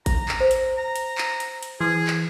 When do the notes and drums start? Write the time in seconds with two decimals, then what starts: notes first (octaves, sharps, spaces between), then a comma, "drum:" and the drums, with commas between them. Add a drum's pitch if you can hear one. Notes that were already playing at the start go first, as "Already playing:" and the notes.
0.06 A#5, drum: kick A1, hi-hat
0.28 drum: clap
0.40 C5
0.51 drum: hi-hat
0.78 A#5
0.96 drum: hi-hat
1.18 drum: clap
1.40 drum: hi-hat
1.63 drum: hi-hat
1.81 E3 G#4
2.07 drum: clap